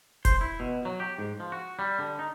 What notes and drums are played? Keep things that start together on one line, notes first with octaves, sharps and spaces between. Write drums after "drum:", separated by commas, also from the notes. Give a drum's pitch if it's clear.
C5, drum: kick F1, hi-hat
E4
B2
F#3
G4
G#2
F3
F#4
G3
D3
D#4